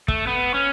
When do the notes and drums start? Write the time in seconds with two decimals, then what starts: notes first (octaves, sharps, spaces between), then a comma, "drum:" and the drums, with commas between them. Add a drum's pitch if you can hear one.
0.08 A3, drum: kick
0.27 B3
0.54 C#4